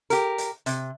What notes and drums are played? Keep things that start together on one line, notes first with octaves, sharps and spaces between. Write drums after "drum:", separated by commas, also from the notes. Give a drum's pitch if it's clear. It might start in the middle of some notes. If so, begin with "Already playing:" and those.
G4 A#4, drum: hi-hat
drum: hi-hat
C3, drum: hi-hat